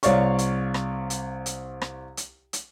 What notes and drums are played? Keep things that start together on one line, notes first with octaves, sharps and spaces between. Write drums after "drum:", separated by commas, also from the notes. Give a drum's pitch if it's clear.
C2 C#5 D5 F5 C#6, drum: hi-hat
drum: hi-hat
drum: rim click
drum: hi-hat
drum: hi-hat
drum: rim click
drum: hi-hat
drum: hi-hat